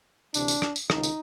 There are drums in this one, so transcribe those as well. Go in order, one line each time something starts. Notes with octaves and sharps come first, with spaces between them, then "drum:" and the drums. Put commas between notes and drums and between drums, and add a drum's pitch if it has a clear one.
D2 C3 E3 D4, drum: tambourine
drum: tambourine
drum: rim click
drum: tambourine
C#2 C3 D#3 D#4, drum: rim click
drum: tambourine